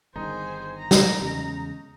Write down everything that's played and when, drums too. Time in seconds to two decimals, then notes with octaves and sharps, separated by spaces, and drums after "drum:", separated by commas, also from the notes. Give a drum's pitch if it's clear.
0.16 G1 D#3 D#4 G#4 C5
0.78 A#5
0.91 drum: snare
1.21 E2 C#3 G#3